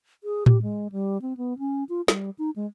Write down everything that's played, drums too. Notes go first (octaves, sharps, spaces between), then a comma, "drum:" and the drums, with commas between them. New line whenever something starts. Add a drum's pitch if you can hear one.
G#4
G4, drum: tom A2
G#3
G3
C4
B3
C#4
F4
G3, drum: snare
D#4
G#3